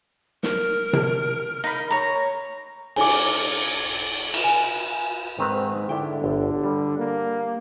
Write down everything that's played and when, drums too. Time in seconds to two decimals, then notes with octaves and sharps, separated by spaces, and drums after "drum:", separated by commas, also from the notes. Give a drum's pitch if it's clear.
0.43 A#4, drum: snare
0.93 drum: tom C3
1.64 D#4 B5
1.91 C#5 A#5
2.96 G#5 D6, drum: cymbal
4.34 drum: cymbal
4.44 G#5
5.39 G#2 D#3 C4 B4
5.89 D3 D4 E4 G5
6.24 G1
6.64 G3
6.98 A#3